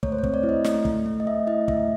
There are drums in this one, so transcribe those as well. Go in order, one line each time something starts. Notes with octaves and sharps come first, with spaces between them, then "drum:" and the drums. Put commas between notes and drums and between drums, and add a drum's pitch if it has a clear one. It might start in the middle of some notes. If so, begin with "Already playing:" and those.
A3 C#5, drum: kick
C5
C#5
C4, drum: kick
D5
E4
D#5
A3, drum: snare
A3, drum: kick
A3
D#5
A3 E5
E4 D#5
A3 E5, drum: kick